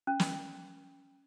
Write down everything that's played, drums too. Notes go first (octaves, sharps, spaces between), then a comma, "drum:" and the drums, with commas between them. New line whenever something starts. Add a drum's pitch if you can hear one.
C#4
drum: snare